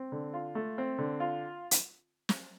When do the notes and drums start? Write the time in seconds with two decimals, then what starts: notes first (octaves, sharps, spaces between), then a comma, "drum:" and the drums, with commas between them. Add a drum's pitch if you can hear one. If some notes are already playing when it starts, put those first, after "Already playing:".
Already playing: C4
0.12 D3
0.34 F4
0.55 A3
0.78 C4
0.99 D3
1.20 F4
1.71 drum: hi-hat
2.29 drum: snare